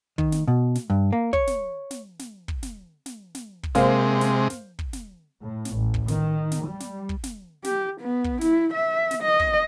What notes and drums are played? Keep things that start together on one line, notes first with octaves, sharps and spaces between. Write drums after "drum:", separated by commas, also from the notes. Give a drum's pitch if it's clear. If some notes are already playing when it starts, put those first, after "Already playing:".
D#3, drum: kick
drum: snare
B2
drum: snare
G2
A#3
C#5, drum: kick
drum: snare
drum: snare
drum: snare
drum: kick
drum: snare
drum: snare
drum: snare
drum: kick
C3 G#3 A#3 C5 F5, drum: snare
drum: snare
drum: snare
drum: kick
drum: snare
A2
drum: snare
A1
drum: kick
D#3, drum: snare
drum: snare
G3
drum: snare
drum: kick
drum: snare
G4, drum: snare
B3
drum: kick
E4, drum: snare
E5
drum: snare
D#5
drum: kick